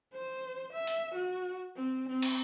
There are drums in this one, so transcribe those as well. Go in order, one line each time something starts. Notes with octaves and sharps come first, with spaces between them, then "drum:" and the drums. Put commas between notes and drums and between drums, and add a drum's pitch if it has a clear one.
C5
E5
drum: hi-hat
F#4
C4
C4
drum: cymbal